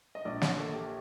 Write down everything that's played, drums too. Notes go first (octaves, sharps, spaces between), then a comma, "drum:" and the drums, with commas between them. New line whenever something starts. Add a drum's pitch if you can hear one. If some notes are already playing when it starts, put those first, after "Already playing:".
D#5
A#1 D5
C#5, drum: snare
A#3 A4
G4